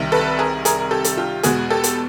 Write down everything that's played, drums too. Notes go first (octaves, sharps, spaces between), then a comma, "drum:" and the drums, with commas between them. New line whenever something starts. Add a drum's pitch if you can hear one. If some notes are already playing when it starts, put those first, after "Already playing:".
Already playing: C2 C3 D#3
A4 B4
G#4 A#4
G#4 A#4, drum: hi-hat
A#4
G4 A4
drum: hi-hat
F4 G4
E2 B2 G#3 F#4 G#4, drum: hi-hat
G4 A4
drum: hi-hat